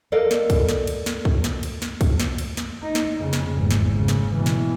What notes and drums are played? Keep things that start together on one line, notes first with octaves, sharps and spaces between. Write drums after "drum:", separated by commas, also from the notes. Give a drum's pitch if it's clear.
A4 A#4 D5 D#5 F5
drum: snare
drum: kick, cymbal
drum: snare
drum: cymbal
drum: snare
drum: kick
drum: snare
drum: cymbal
drum: snare
drum: kick, cymbal
drum: snare
drum: cymbal
drum: snare
D#4
drum: snare
F2 C#3
drum: snare
G#1 E2
drum: snare
C#3
drum: snare
B2 E3
drum: snare